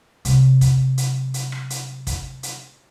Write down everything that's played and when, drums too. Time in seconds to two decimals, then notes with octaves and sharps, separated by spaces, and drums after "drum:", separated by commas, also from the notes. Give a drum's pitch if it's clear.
0.25 C3 F#3, drum: hi-hat
0.61 drum: kick, hi-hat
0.98 drum: hi-hat
1.34 drum: hi-hat
1.52 drum: rim click
1.70 drum: hi-hat
2.07 drum: kick, hi-hat
2.43 drum: hi-hat